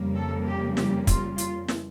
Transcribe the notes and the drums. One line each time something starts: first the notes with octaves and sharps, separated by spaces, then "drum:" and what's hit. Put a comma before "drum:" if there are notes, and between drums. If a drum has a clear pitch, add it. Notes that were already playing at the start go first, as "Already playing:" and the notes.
Already playing: F2 C#3 G3 A#3
A4
G4
G4, drum: snare
F4, drum: kick, hi-hat
F4, drum: hi-hat
drum: snare